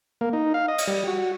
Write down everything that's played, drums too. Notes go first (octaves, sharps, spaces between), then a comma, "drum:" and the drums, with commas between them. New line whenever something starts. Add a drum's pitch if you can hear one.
A#3
D#4
F5
D#5
drum: cymbal
G3
F#4